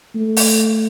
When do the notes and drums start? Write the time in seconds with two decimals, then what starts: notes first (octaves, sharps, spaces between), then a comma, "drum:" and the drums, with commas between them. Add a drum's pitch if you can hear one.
0.15 A3
0.37 drum: open hi-hat